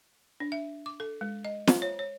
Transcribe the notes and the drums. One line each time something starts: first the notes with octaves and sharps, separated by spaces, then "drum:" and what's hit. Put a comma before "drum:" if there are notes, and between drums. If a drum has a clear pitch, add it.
D4
E5
D6
A4
G#3
D#5
C5, drum: snare
C#5
C#5